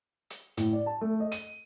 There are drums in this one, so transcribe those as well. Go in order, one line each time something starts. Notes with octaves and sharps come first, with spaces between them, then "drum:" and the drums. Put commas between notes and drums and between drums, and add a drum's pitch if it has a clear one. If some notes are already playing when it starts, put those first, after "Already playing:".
drum: hi-hat
A2, drum: hi-hat
D5
A5
A3
D#5
D#7, drum: hi-hat